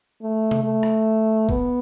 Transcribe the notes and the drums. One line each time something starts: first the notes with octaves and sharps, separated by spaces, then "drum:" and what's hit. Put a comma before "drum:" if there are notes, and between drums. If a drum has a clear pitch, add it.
A3
drum: tom C3
A3
drum: rim click
B3, drum: kick A#1